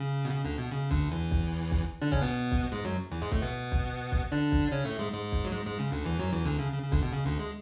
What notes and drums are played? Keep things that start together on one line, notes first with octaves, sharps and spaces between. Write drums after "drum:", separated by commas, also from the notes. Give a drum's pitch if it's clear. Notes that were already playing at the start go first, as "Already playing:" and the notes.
Already playing: C#3
B2
C#3
D2 D3
B2
C#3
D2 D3, drum: kick
E2 E3
drum: kick
drum: kick
D3 D4
C#3 C#4, drum: kick
B2 B3
drum: kick
G#2 G#3
F#2 F#3
E2 E3
G#2 G#3
A2 A3, drum: kick
B2 B3
drum: kick
drum: kick
D3 D4
drum: kick
C#3 C#4
A2 A3
G#2 G#3
G#2 G#3
drum: kick
F#3
G#2 G#3
G#2 G#3
C#3
D2 D3
E2 E3
F#2 F#3
E2 E3
D2 D3
C#3
C#3
C#3
D2 D3, drum: kick
B2
C#3
D2 D3
G#3